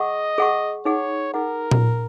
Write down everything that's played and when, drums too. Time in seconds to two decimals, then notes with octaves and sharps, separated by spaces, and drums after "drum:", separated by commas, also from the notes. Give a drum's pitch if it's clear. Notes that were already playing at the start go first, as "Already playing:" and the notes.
Already playing: G#4 D#5 F#5 C#6
0.38 G#4 F#5 C#6
0.85 D#4 G#4 C#5 F#5
1.34 D#4 G#4 A#4 F#5
1.71 drum: tom A#2